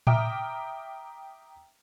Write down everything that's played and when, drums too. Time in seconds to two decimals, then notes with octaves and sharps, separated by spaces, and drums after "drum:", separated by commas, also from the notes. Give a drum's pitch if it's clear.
0.07 E5 G5 A#5 D6 D#6 F6, drum: tom A2